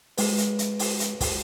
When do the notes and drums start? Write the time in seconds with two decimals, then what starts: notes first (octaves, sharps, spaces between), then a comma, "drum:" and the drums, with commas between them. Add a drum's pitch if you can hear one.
0.18 G#3 B4, drum: open hi-hat
0.38 drum: hi-hat
0.59 drum: hi-hat
0.79 drum: open hi-hat
1.00 drum: hi-hat
1.20 drum: kick, open hi-hat